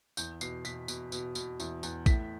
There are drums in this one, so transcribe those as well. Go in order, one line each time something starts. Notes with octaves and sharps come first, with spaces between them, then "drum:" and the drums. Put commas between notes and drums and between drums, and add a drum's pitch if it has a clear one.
E2 G6, drum: tambourine
B2 C7, drum: tambourine
B2 B6, drum: tambourine
B2, drum: tambourine
B2, drum: tambourine
B2, drum: tambourine
E2, drum: tambourine
E2, drum: tambourine
A2 B6, drum: kick, tambourine